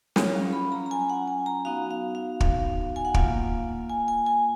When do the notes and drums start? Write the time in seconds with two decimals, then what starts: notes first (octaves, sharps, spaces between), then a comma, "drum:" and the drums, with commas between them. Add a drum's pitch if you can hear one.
0.16 F#3 C#4 F4 C#5, drum: snare
0.34 F5
0.53 B5
0.72 A#5
0.86 A#5
0.91 G#5
1.10 F#5
1.28 G#5
1.46 A#5
1.65 B3 D#4 F#4 F5
1.91 F5
2.15 F5
2.41 F5, drum: kick
2.96 G#5
3.05 F#5
3.14 A#3 F4 F5, drum: kick
3.89 G#5
4.08 G#5
4.26 G#5